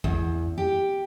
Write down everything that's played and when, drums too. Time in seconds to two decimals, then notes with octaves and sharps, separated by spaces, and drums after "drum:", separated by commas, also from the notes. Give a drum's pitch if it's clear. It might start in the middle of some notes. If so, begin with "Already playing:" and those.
0.04 E2, drum: kick A#1
0.58 G4